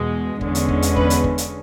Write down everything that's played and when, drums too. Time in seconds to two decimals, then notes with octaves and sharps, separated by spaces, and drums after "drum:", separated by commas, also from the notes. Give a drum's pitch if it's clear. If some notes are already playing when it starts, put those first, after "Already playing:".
Already playing: E2 B2 G#3
0.41 E2 D3 G#3 C#4, drum: kick
0.55 drum: hi-hat
0.69 drum: kick
0.82 drum: hi-hat
0.96 B4, drum: kick
1.10 drum: hi-hat
1.24 drum: kick
1.38 drum: hi-hat